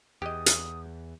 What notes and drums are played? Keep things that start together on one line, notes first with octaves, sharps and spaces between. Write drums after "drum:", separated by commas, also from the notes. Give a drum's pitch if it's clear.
E2 G4 D#5 D#6
drum: hi-hat